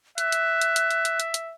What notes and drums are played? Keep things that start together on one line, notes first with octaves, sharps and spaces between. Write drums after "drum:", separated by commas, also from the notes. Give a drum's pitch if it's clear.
E5 F#6, drum: hi-hat
drum: hi-hat
drum: hi-hat
drum: hi-hat
drum: hi-hat
drum: hi-hat
drum: hi-hat
drum: hi-hat